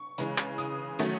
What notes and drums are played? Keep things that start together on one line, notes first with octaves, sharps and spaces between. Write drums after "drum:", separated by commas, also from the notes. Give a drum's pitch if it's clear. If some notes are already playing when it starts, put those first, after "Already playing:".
Already playing: C#6
C#3 E3 G#3, drum: hi-hat
drum: clap
D#6, drum: hi-hat
D#3 F#3 A3 C#4, drum: hi-hat